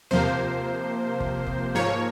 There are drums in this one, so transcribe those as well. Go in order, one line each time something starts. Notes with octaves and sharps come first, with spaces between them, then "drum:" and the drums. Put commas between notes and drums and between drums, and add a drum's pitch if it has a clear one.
C3 F3 A#3 C5, drum: tom D#2
drum: kick G1
drum: kick G1
G#2 F3 A#3 C#5